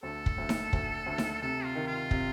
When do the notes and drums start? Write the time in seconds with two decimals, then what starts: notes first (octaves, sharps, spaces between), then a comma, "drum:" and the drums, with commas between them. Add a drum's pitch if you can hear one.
0.03 D2 A4
0.26 drum: kick
0.38 D2
0.49 drum: snare D#4
0.73 D2, drum: kick
1.06 D2
1.18 drum: snare D#4
1.42 C3 A4
1.64 F4
1.75 D#3
1.87 F4
2.11 C3, drum: kick